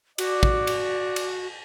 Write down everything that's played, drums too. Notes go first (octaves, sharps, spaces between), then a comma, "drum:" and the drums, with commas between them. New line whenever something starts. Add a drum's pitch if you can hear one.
F#4 D5, drum: cymbal
drum: kick
drum: cymbal
drum: cymbal